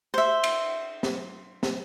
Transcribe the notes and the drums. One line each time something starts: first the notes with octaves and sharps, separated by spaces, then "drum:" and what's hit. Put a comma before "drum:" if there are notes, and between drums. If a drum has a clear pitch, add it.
C5 E5
drum: cymbal
drum: snare
drum: snare